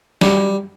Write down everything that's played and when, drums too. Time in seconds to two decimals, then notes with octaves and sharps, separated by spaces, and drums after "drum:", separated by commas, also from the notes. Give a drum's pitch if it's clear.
0.21 G3, drum: snare